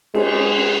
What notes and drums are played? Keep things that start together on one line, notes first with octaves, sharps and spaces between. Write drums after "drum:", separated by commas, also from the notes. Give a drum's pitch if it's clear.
G#3, drum: cymbal